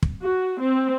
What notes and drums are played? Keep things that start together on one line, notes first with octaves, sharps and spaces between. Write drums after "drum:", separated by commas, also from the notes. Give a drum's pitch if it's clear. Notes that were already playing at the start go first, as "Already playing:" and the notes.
drum: kick
F#4
C4